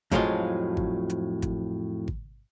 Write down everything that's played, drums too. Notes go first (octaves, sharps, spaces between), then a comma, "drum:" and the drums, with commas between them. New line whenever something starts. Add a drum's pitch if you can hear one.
F2 A2 F3 F#3 G#3 F4, drum: kick G#1, hi-hat
drum: kick G#1
drum: hi-hat
drum: kick G#1, hi-hat
drum: kick G#1